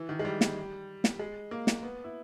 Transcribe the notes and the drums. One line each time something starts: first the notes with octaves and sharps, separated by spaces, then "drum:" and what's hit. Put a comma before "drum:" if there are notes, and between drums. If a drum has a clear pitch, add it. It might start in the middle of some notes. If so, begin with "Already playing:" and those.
Already playing: E3
D#3
G#3
G3
drum: snare
drum: snare
G#3
A#3
drum: snare
B3
E4